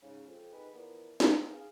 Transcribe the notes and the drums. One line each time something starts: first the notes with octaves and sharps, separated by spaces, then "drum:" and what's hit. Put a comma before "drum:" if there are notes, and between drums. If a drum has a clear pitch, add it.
G#2 C#3
F2
F2 D#4 G#4 B4
A#2 E3 F3 A#3 B3
D#3 F3 B3, drum: snare
G#4 F5